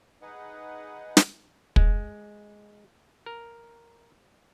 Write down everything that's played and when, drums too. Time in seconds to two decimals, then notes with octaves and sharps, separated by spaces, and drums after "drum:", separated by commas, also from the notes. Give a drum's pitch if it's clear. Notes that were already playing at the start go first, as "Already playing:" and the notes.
0.22 D#4 G#4 B4 D#5 F#5
1.17 drum: snare
1.76 G#3, drum: kick
3.26 A#4